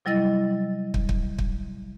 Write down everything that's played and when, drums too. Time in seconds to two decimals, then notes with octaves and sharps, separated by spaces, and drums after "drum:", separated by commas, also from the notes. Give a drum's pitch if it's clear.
0.05 C3 F#3 G3 E4 D#5 A6
0.94 drum: kick
1.09 drum: kick
1.39 drum: kick